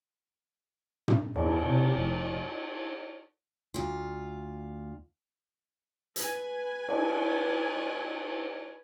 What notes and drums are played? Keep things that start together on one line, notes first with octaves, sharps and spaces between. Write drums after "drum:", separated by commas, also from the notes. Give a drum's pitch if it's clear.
drum: tom
E2, drum: cymbal
C3
F1
D2 F4
B4 G#5, drum: hi-hat
drum: cymbal